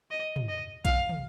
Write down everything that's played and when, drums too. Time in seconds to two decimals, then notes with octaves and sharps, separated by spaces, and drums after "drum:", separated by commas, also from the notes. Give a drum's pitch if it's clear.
0.11 D#5
0.36 drum: tom
0.49 D#5
0.85 F5, drum: kick A#1, hi-hat
1.09 drum: tom